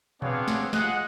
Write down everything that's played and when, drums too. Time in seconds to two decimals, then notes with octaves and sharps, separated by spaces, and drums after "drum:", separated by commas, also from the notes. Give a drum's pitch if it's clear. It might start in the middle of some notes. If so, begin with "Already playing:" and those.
0.22 B3 C4 D4 G#4 C#5 F5, drum: tom A#2
0.48 drum: snare
0.73 F4 G#4 D#5 F#5, drum: snare